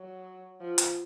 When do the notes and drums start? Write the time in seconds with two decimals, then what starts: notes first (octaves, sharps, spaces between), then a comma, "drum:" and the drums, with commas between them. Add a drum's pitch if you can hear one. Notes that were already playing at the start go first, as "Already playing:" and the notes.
Already playing: F#3
0.61 F3
0.78 drum: hi-hat